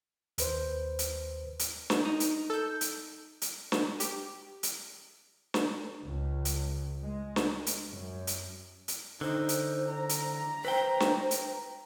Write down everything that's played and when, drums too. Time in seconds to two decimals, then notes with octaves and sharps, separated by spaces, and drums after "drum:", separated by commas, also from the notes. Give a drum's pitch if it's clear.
0.38 D#2 B4 C5, drum: hi-hat
0.99 drum: hi-hat
1.59 drum: hi-hat
1.90 drum: snare
2.05 D#4
2.20 drum: hi-hat
2.50 A4 G6
2.81 drum: hi-hat
3.42 drum: hi-hat
3.72 drum: snare
4.00 G4, drum: hi-hat
4.63 drum: hi-hat
5.54 drum: snare
6.04 C#2
6.45 drum: hi-hat
7.02 G#3
7.36 drum: snare
7.67 drum: hi-hat
7.90 F#2
8.27 drum: hi-hat
8.88 drum: hi-hat
9.21 D3 D#4 C5
9.49 drum: hi-hat
9.89 A#5
10.09 drum: hi-hat
10.65 B4 C5 G5
11.00 drum: snare
11.31 drum: hi-hat